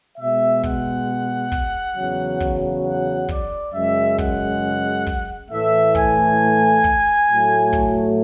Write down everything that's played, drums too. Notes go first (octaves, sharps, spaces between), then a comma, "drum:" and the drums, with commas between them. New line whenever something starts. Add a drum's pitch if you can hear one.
B2 G#3 E5
F#5, drum: kick
drum: kick
E2 C#3 F#3
drum: kick
F#5
D5, drum: kick
F#2 C#3 G#3 E5
F#5, drum: kick
drum: kick
A2 E3 A3 E5
G#5, drum: kick
drum: kick
A2 F#3 A3
drum: kick